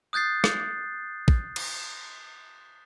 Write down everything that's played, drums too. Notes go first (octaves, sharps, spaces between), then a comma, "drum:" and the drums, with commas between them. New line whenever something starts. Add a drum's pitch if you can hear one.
D#6 F#6 G6 A6 C7
drum: rim click
drum: kick
drum: cymbal